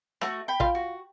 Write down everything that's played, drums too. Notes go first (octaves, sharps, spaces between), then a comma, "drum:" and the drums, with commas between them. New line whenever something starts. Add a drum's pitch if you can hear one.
A3 F#4, drum: rim click
G5 B5
F4 F5, drum: kick
F#4